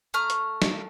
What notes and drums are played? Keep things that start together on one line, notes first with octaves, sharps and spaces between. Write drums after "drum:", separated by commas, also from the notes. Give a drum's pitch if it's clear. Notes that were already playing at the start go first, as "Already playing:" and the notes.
A3 A#5 F6
drum: hi-hat
drum: snare